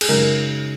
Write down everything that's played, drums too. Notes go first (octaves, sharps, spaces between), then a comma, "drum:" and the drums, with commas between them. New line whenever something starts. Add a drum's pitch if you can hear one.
G#4, drum: cymbal
F#2 C#3 G#3 D#4 A#4